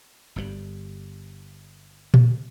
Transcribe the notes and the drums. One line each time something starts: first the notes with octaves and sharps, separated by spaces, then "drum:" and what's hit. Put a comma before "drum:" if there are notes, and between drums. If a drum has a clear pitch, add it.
G1 G2 C#3 G3
drum: tom A#2